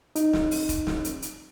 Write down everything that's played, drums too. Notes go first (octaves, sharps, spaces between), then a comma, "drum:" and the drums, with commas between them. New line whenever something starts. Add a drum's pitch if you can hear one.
D#4, drum: hi-hat
drum: snare
drum: open hi-hat
drum: kick F1, hi-hat
drum: snare
drum: hi-hat
drum: hi-hat